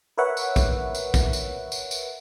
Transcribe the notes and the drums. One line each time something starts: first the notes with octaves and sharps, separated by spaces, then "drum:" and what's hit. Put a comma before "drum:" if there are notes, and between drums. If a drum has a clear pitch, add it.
A#4 B4 C#5 E5 F#5
drum: tambourine
drum: kick, tambourine
drum: tambourine
drum: kick, tambourine
drum: tambourine
drum: tambourine
drum: tambourine